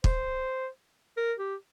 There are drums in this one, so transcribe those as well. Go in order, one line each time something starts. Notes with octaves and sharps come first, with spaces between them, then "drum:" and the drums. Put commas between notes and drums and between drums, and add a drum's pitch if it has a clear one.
C5, drum: kick
A#4
G4